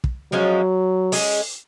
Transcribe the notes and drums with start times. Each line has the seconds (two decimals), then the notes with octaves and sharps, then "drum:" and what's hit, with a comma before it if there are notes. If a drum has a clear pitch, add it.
0.04 drum: kick
0.32 F3 F#3 G#3 C#4
1.12 G#3 C#4 G#4, drum: open hi-hat